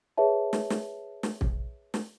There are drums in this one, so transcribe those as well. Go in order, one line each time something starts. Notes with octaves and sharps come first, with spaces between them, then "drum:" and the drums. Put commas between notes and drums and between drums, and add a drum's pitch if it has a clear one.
G#4 B4 C#5 E5 A5
drum: snare
drum: snare
drum: snare
drum: kick
drum: snare